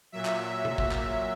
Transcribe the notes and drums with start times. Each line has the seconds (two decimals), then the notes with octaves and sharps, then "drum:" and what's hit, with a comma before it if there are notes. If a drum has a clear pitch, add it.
0.12 A#2 F#3 E5
0.25 drum: clap
0.65 drum: tom C3
0.78 drum: kick
0.91 drum: clap